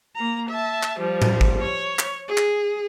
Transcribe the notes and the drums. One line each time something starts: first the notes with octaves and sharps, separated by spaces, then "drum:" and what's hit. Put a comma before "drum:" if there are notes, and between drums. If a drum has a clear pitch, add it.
A#3 A#5
E5 A5
drum: clap
F3 G3
drum: tom A2
drum: kick
C#5
drum: clap
G#4
drum: clap